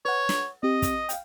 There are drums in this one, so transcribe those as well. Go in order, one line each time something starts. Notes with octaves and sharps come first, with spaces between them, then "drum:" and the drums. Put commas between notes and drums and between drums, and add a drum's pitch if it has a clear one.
B4 C#5 F#5
drum: snare
C4 G4 D#5
drum: kick, hi-hat
F5 G5, drum: hi-hat